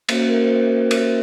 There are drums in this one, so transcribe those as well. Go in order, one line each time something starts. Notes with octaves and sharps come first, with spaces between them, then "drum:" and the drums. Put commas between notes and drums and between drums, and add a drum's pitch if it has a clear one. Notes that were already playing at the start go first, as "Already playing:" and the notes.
A#3 C#4 F#4 C5, drum: cymbal
A#4
C5
drum: cymbal